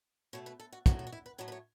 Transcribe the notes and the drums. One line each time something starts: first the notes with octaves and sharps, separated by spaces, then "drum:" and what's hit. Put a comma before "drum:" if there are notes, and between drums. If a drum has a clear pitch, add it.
B2 A3 C#5
B4
A4
F#4
A2 F#3 A3 F#4, drum: kick, hi-hat
A4
F#4
E4
B4
A2 F#3 A3 C#5
B4
C#5